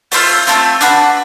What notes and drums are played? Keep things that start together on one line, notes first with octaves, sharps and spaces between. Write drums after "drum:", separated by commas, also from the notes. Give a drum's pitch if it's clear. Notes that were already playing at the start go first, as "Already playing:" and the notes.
A3 C4 F4, drum: open hi-hat
A3 C4 F4, drum: hi-hat
D4 F#4 B4, drum: hi-hat